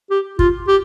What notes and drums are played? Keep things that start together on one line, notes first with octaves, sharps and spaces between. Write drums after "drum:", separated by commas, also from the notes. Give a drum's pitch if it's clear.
G4
F4, drum: kick
G4